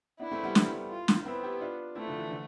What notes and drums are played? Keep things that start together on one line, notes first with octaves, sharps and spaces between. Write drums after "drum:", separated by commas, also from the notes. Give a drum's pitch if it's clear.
B3 D4 E4
A3 C4
G3 B3
drum: snare
F4
drum: snare
B3 C4 E4
E4 G4
D4 F4
A3 C4 E4
D3 F3
E3
D3